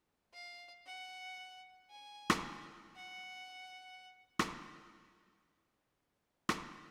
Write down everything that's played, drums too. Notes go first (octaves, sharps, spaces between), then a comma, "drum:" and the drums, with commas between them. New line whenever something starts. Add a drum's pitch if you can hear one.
F5
F#5
G#5
drum: rim click
F#5
drum: rim click
drum: rim click